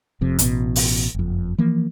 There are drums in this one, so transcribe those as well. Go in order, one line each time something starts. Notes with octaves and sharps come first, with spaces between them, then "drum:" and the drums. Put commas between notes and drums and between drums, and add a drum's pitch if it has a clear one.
F1 F2 C3
A1 B2, drum: hi-hat
drum: open hi-hat
F#1 F2
E3 F3 A#3